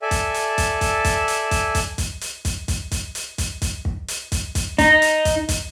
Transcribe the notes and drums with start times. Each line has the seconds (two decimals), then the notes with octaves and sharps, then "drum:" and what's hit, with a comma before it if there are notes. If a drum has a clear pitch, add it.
0.02 A4 D5 E5 G#5
0.11 drum: kick, hi-hat
0.34 drum: hi-hat
0.58 drum: kick, hi-hat
0.81 drum: kick, hi-hat
1.05 drum: kick, hi-hat
1.28 drum: hi-hat
1.51 drum: kick, hi-hat
1.75 drum: kick, hi-hat
1.98 drum: kick, hi-hat
2.21 drum: hi-hat
2.45 drum: kick, hi-hat
2.68 drum: kick, hi-hat
2.91 drum: kick, hi-hat
3.15 drum: hi-hat
3.38 drum: kick, hi-hat
3.62 drum: kick, hi-hat
3.85 drum: kick
4.08 drum: hi-hat
4.32 drum: kick, hi-hat
4.55 drum: kick, hi-hat
4.78 D#4, drum: kick, hi-hat
5.02 drum: hi-hat
5.25 drum: kick, hi-hat
5.49 drum: kick, hi-hat